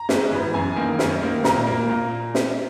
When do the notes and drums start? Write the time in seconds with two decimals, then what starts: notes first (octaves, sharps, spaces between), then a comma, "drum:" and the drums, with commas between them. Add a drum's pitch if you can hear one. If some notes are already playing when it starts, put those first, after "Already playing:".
Already playing: A#5
0.09 G#2, drum: snare
0.31 E3 B3
0.54 F#2 G#5
0.76 D#3 A#3
0.99 F#2, drum: snare
1.22 D#3 A#3
1.44 A#2 A#5, drum: snare
1.67 A#3
1.89 A#2
2.35 drum: snare